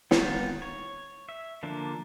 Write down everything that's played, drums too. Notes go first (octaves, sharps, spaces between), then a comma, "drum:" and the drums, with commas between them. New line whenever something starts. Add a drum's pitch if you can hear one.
D#3 B3 C4 F4, drum: snare
C#5
E5
D3 F3 A#3 D4